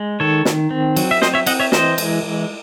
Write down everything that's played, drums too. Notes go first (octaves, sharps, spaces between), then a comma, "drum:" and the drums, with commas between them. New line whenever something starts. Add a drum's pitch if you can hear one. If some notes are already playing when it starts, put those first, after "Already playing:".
Already playing: G#3
D#3 A4 C#5
D#3, drum: snare
C4
F#3, drum: cymbal
E5
C4 C5 D#5, drum: snare
C#5 E5
C4 D#5 F#5, drum: cymbal
C#5 E5
E3 C5 D#5, drum: snare
G#3, drum: cymbal
E3